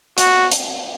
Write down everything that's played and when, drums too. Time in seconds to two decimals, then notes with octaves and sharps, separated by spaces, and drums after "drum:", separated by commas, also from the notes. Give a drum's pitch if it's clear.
0.18 F#4, drum: hi-hat
0.52 drum: hi-hat